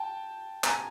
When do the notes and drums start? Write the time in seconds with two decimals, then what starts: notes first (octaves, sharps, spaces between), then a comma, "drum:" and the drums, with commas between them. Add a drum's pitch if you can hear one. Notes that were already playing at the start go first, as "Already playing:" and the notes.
Already playing: G5 A5
0.64 G#5 A#5, drum: clap